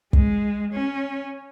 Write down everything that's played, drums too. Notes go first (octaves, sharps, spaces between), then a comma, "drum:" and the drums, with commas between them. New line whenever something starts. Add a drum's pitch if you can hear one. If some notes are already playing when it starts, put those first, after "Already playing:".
G#3, drum: kick
C#4